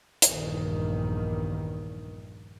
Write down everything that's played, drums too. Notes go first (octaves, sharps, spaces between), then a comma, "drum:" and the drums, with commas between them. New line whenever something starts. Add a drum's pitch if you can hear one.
A#1 E2 G2 D#3, drum: hi-hat